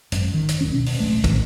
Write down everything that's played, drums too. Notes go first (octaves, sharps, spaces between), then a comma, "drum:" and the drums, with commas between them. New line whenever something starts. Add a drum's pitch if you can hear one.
G#1 F#2, drum: hi-hat
D#3
drum: hi-hat
D1 G#1 C#4
B2
drum: open hi-hat
D1 A1 A3
G#1 D2 A2 D#3, drum: kick, hi-hat